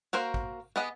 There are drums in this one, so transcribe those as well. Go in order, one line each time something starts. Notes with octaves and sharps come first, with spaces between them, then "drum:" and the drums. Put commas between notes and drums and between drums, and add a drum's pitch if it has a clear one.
A#3 F#4 A#4 C5
drum: kick
B3 G4 G#4 D#5 F#5